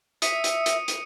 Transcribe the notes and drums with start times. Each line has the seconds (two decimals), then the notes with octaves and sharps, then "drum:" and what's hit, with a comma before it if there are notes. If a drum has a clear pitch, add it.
0.22 E5 D#6 C#7 D#7, drum: hi-hat
0.44 drum: hi-hat
0.66 drum: hi-hat
0.88 drum: hi-hat